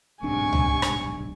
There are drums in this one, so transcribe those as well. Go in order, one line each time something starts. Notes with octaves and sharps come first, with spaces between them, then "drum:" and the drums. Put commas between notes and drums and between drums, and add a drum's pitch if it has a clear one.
D1 B1 G#2 C3 D4 G#5 C#6
drum: tom C#2
drum: rim click